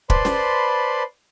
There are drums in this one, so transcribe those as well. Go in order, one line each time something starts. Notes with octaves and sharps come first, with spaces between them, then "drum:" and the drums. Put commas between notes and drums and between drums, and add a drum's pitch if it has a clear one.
B4 C5 D5 A5 B5 C6, drum: kick
drum: snare